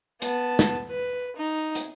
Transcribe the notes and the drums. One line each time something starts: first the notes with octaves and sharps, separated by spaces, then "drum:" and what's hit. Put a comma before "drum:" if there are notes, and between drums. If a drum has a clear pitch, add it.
B3 A5, drum: hi-hat
drum: snare
B4
D#4
drum: hi-hat